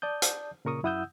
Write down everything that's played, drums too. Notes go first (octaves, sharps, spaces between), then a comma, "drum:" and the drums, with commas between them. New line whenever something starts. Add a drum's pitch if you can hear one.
D5 A5 D#6 G6
drum: hi-hat
A#2 C#3 A#4 C#6 D#6
F#2 E4 F#5 D#6 E6 G6